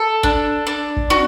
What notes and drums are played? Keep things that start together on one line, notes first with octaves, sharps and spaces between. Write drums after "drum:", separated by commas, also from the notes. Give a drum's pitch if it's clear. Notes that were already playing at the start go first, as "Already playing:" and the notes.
Already playing: A4
D4, drum: kick G#1
D4
drum: kick G#1
F#4, drum: tom